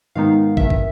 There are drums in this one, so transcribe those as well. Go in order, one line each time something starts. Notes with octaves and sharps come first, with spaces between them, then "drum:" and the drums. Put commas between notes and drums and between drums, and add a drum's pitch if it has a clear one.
G#2 D#3 G#3 B3 D#4 F5
G#1 G2 D#3 E5, drum: kick
drum: kick